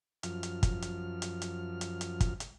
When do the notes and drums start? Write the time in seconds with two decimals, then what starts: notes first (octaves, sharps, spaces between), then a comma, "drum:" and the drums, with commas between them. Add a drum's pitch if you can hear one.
0.23 F#2 F3 F6, drum: hi-hat
0.43 drum: hi-hat
0.63 drum: kick, hi-hat
0.82 drum: hi-hat
1.22 drum: hi-hat
1.42 drum: hi-hat
1.81 drum: hi-hat
2.01 drum: hi-hat
2.20 drum: kick, hi-hat
2.40 drum: hi-hat